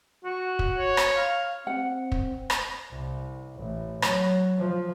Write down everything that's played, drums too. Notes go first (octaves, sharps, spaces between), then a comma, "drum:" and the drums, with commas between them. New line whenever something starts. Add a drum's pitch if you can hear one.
F#4
drum: kick
C#5
drum: rim click
F5
C4 F#5
drum: kick
drum: rim click
C2
A1
F#3, drum: rim click
F3